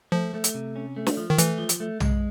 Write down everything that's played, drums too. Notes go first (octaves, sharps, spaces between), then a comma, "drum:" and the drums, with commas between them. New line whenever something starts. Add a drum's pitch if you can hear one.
F3 A3
A3
drum: hi-hat
C3
C#4
A3
drum: snare
F3
D#3
E3 A3, drum: hi-hat
F3
drum: hi-hat
A3
G#3, drum: tom